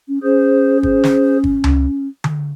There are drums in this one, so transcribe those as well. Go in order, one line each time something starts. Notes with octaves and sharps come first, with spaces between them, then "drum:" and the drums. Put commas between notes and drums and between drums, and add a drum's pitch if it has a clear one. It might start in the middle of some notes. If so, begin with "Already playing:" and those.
C#4
C#4 G#4 C5
G#4 C5, drum: kick
drum: snare
drum: kick
drum: tom C#2
drum: tom D3